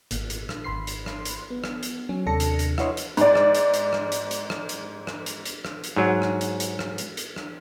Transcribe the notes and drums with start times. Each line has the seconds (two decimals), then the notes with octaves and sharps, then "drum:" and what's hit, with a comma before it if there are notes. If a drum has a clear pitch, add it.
0.11 G#1 A#2, drum: hi-hat
0.30 drum: hi-hat
0.49 drum: rim click
0.64 G#1 B5 C6 C7
0.87 drum: hi-hat
1.06 drum: rim click
1.25 drum: hi-hat
1.50 B3
1.64 drum: rim click
1.83 drum: hi-hat
2.09 F#3 C#4
2.26 D#2 C3 D4 A4 A#6 C#7
2.40 drum: hi-hat
2.59 drum: hi-hat
2.78 E4 F#4 B4 C#5 D#5 C6, drum: rim click
2.97 drum: hi-hat
3.17 G#2 D5, drum: hi-hat
3.35 drum: rim click
3.55 drum: hi-hat
3.74 drum: hi-hat
3.93 drum: rim click
4.12 drum: hi-hat
4.31 drum: hi-hat
4.50 drum: rim click
4.69 drum: hi-hat
5.07 drum: rim click
5.26 drum: hi-hat
5.45 drum: hi-hat
5.65 drum: rim click
5.84 drum: hi-hat
5.96 G#2 F#3
6.22 drum: rim click
6.41 drum: hi-hat
6.60 drum: hi-hat
6.79 drum: rim click
6.98 drum: hi-hat
7.17 drum: hi-hat
7.36 drum: rim click